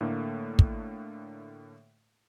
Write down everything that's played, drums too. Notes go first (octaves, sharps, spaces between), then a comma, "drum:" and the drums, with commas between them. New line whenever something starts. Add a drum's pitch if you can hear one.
A2 D3 A3 A#3
drum: kick